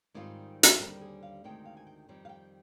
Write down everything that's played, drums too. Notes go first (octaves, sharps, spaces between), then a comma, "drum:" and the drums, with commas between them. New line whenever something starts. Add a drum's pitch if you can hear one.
G#2 D#3 G3 C4 F4 D5
drum: hi-hat
D#2 D3 G3 C4 A#4
G#4
F5
D2 C3 D#3 G#3 C4 G5
F5
G#5
G5
F2 D#3 G3 C4
F5
G5